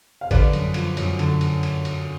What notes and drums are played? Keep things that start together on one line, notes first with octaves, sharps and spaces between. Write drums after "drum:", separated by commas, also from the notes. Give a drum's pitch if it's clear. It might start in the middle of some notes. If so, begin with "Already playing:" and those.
F5
D3 B4 D5, drum: kick, cymbal
F#2, drum: cymbal
F3, drum: cymbal
F#2, drum: cymbal
D3, drum: cymbal
drum: cymbal
drum: cymbal
drum: cymbal